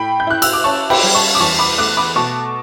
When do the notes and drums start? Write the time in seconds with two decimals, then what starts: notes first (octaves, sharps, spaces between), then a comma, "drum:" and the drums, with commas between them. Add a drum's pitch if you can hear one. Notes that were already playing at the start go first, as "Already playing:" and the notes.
Already playing: A2 G5 B5
0.20 G6
0.27 E4 F#6
0.42 E6, drum: cymbal
0.53 D6
0.64 C#4 A5 C#6
0.90 G5 B5, drum: cymbal
1.03 G3
1.15 A5 C#6
1.35 D6
1.40 E2 A5 C#6
1.59 B5 D6
1.78 A3 D6 F#6
1.97 B5 D6
2.16 B2 A5 C#6